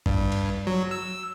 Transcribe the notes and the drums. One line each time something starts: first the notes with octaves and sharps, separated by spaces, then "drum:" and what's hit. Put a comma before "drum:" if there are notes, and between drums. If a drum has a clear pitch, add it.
G2, drum: kick A1
drum: cymbal
F#3
E6